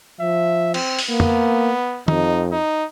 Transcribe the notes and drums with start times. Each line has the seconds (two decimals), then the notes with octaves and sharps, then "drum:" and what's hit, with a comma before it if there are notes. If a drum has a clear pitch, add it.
0.21 F3 E5
0.74 C4, drum: cymbal
0.99 drum: open hi-hat
1.09 A#3 B3
1.20 drum: tom
2.08 F2 D#4, drum: tom
2.52 D#4